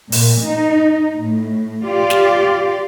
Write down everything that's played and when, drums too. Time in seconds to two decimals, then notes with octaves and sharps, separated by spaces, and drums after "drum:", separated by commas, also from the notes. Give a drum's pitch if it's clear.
0.12 A#2, drum: open hi-hat
0.44 D#4
1.17 A2
1.85 F4 G4 D5
2.10 drum: snare